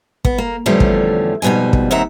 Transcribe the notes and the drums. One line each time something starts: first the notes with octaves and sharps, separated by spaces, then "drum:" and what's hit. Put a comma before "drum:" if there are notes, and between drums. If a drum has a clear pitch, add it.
B3, drum: kick
A#3
E2 D3 F3 G3 A3 C#4
drum: kick
F2 G#2 B2 G3 G#5
drum: kick
D#2 C4 E5 F#5 A#5